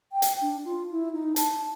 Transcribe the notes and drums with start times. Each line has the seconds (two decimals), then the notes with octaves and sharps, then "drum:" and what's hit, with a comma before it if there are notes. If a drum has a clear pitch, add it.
0.12 G5
0.22 drum: hi-hat
0.41 D4
0.65 F4
0.91 E4
1.13 D#4
1.36 A5, drum: hi-hat